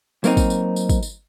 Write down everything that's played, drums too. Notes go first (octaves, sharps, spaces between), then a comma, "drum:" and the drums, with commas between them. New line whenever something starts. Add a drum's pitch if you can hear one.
F#3 A#3 C4 D#4, drum: tambourine
drum: kick, tambourine
drum: tambourine
drum: tambourine
drum: kick, tambourine
drum: tambourine